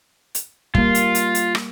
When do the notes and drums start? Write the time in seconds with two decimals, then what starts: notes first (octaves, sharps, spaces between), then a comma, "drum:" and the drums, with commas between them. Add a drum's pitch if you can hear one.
0.35 drum: hi-hat
0.75 G3 A#3 F4, drum: kick
0.95 drum: hi-hat
1.15 drum: hi-hat
1.35 drum: hi-hat
1.55 drum: rim click